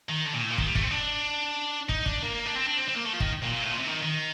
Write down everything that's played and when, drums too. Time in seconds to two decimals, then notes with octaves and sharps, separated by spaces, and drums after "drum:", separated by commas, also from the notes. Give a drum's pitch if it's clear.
0.09 D#3
0.26 D3
0.33 A#2
0.41 A2
0.50 A#2
0.58 D#3, drum: kick
0.67 G3
0.75 A3, drum: kick
0.83 C4
0.91 D4
1.89 D#4, drum: kick
2.06 D4, drum: kick
2.22 A#3
2.46 D4
2.55 C4
2.66 D4
2.77 C4
2.89 C4
2.96 A#3
3.05 A3
3.13 F3
3.20 D#3, drum: kick
3.43 A#2
3.53 A#2
3.62 A2
3.71 A#2
3.79 C3
3.87 D#3
4.02 D#3